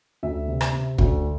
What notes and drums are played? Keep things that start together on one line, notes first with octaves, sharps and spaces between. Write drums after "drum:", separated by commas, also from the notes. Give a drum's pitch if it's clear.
D2 E5
C3
drum: rim click
C3
D2, drum: kick